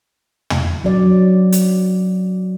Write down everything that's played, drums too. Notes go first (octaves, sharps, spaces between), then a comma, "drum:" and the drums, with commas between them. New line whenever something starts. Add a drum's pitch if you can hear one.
drum: tom
F#3 D5
drum: hi-hat